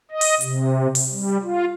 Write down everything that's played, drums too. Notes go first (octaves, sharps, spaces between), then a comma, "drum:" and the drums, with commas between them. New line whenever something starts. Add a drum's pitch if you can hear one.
D#5
drum: open hi-hat
C3, drum: hi-hat
drum: open hi-hat
G3
F4